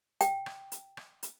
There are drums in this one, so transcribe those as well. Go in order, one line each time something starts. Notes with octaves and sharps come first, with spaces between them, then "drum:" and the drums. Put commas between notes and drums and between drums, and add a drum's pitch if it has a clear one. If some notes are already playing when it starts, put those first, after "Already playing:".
G5, drum: hi-hat
drum: rim click
drum: hi-hat
drum: rim click
drum: hi-hat